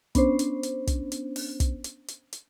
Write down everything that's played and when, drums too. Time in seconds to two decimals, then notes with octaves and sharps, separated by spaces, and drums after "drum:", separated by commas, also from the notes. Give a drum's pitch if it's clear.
0.15 B3 C#4 D4 C5, drum: kick, hi-hat
0.39 drum: hi-hat
0.63 drum: hi-hat
0.87 drum: kick, hi-hat
1.12 drum: hi-hat
1.36 drum: open hi-hat
1.60 drum: kick, hi-hat
1.84 drum: hi-hat
2.08 drum: hi-hat
2.33 drum: hi-hat